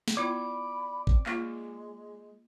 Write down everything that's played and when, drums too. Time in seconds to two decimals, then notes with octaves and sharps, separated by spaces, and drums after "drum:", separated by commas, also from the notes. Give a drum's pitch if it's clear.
0.08 drum: snare
0.17 B3 E4 F4 D5 B5
1.07 C4, drum: kick G#1
1.26 G#3 A#3 F4, drum: clap